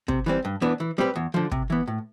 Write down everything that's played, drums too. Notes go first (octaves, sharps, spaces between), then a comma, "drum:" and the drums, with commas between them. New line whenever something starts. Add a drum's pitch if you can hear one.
C3, drum: kick
E3 G3 C4
G2
E3 B3 D4
E3
G3 C4 G4 B4
E2
D3 F3
C3, drum: kick
E3 B3
A2